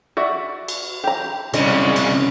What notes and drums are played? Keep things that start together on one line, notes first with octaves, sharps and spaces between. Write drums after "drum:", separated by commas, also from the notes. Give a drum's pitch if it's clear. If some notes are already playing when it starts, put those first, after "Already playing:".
F#4 D5 E5
drum: cymbal
G4 A#5
C2 C#3 G#3 D4 D#5, drum: cymbal
drum: cymbal